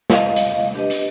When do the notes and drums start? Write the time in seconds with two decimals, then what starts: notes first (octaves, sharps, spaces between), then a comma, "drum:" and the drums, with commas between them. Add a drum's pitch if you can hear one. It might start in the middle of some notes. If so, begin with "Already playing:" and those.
0.10 D#5 F5, drum: snare
0.36 drum: hi-hat
0.74 D4 G4 B4 D#5
0.90 drum: hi-hat